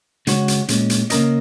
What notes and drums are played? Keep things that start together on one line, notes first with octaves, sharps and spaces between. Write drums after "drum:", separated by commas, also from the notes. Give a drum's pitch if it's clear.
C#3 G#3 C#4 F#4 C#5, drum: hi-hat
drum: hi-hat
A#2 G#3 C#4, drum: hi-hat
drum: hi-hat
C#3 A#3 C#4 A#4 D#5, drum: hi-hat